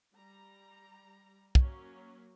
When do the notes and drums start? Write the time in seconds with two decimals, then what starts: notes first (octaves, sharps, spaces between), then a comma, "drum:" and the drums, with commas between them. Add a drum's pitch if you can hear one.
0.15 G3 A#5
1.55 F#3 A#3 C#4, drum: kick